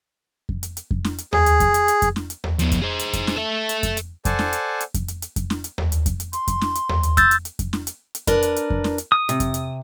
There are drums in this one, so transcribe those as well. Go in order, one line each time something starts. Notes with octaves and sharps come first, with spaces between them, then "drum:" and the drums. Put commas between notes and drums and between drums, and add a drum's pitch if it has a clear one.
drum: kick F2
drum: hi-hat
drum: hi-hat
drum: kick F2
drum: snare
drum: hi-hat
G#4, drum: tom D#2
drum: hi-hat
drum: kick F2, hi-hat
drum: hi-hat
drum: hi-hat
drum: kick F2, hi-hat
drum: snare
drum: hi-hat
drum: tom D#2
F3 B3, drum: hi-hat
drum: kick F2, hi-hat
G#4 C5
drum: hi-hat
drum: kick F2, hi-hat
drum: snare
A4 E5
drum: hi-hat
drum: kick F2, hi-hat
drum: hi-hat
A4 C5 D5 F#5 G#5 A5, drum: kick F2, hi-hat
drum: snare
drum: hi-hat
drum: hi-hat
drum: kick F2, hi-hat
drum: hi-hat
drum: hi-hat
drum: kick F2, hi-hat
drum: snare
drum: hi-hat
drum: tom D#2
drum: hi-hat
drum: kick F2, hi-hat
drum: hi-hat
C6, drum: hi-hat
drum: kick F2, hi-hat
drum: snare
drum: hi-hat
drum: tom D#2
drum: hi-hat
E6 G6 A6, drum: kick F2, hi-hat
drum: hi-hat
drum: hi-hat
drum: kick F2, hi-hat
drum: snare
drum: hi-hat
drum: hi-hat
D4 A#4 B4, drum: kick F2, hi-hat
drum: hi-hat
drum: hi-hat
drum: kick F2
drum: snare
drum: hi-hat
D#6
C3, drum: hi-hat
drum: kick F2, hi-hat
drum: hi-hat